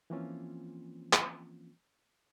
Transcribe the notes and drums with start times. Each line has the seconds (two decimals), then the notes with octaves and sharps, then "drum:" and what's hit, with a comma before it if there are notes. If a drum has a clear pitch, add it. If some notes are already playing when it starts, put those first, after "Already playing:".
0.10 E3 F3 A#3 C4 C#4 F4
1.13 drum: clap